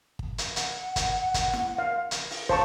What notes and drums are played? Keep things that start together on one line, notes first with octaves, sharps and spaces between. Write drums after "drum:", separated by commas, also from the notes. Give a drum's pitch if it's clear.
drum: kick
drum: hi-hat
F#5, drum: hi-hat
drum: kick, hi-hat
drum: kick, hi-hat
drum: snare
F5
drum: hi-hat
drum: open hi-hat
C5 F5 A5 C#6, drum: kick